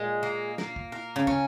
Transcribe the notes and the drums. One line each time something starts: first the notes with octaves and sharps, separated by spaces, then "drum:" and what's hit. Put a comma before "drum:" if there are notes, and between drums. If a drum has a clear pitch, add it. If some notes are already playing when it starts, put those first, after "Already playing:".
Already playing: A#2 G#3
A#3
A#3, drum: snare
drum: kick
A#4
C#3
C#4, drum: kick